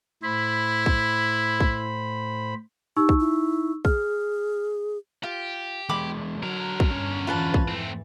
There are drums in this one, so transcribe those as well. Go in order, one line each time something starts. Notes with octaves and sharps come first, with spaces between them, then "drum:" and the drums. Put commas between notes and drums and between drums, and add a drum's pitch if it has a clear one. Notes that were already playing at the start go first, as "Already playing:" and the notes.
A2 E4 C5 B5
drum: kick
drum: kick
D#4 G4 C#6 E6
drum: kick
E4
G#4 F6, drum: kick
F4 G4
E2 G#3 B5 D6
D3 F#3 A#4
drum: kick
G1 E2 G2 C#4
F2 G#2 E3 F4 B4 A5
drum: kick
A3 C4